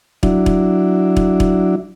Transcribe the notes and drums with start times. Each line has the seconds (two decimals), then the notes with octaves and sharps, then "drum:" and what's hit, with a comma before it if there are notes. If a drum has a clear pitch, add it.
0.23 F#3 D4 E4, drum: kick E1
0.46 drum: kick E1
1.16 drum: kick E1
1.40 drum: kick E1